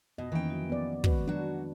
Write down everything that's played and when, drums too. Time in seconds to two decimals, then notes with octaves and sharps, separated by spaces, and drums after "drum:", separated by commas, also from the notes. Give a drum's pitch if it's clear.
0.18 F2 B2 D#5
0.32 D#3 E3 A#3 C#4 G5
0.46 F3 F#3 F#4
0.70 B3 D5
1.04 D#3 G#3 F#4 B4, drum: kick
1.27 F#3 D4 F#4